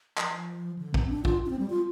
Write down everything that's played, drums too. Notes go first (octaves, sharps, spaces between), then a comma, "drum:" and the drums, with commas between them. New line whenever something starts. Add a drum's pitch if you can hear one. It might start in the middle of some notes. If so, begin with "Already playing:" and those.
F3, drum: clap
D3
C4, drum: kick
D4
F4, drum: kick
D4
C4
G3
F4